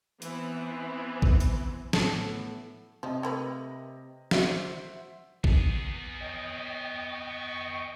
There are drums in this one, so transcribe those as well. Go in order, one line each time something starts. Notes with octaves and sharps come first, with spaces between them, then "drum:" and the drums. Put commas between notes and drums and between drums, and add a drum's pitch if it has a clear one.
E3 B3 C4, drum: hi-hat
drum: kick A1
drum: hi-hat
A2 B3 A4, drum: snare
C3 F3 D#5
A3 A#3 B4
C5 E5 F#5, drum: snare
B3 G#4, drum: kick A1
C#5 D#5 G5
C#6